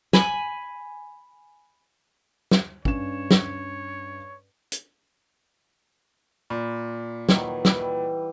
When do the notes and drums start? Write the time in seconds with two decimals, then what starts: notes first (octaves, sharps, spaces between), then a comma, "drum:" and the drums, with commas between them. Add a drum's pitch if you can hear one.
0.13 G#5 B5, drum: snare
2.51 drum: snare
2.85 G2 C#4 C#5 E7, drum: kick
3.31 drum: snare
4.72 drum: hi-hat
6.50 A#2 B5
7.29 D#3 E3 F#3, drum: snare
7.65 E3 G3, drum: snare